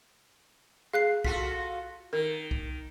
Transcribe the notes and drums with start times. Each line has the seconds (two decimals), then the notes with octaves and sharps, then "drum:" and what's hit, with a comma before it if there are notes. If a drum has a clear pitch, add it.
0.93 G#4 F5 F#6 C7
1.25 F4 F#4 A4 B6, drum: kick C2
2.13 D#3 A#4
2.51 drum: kick C2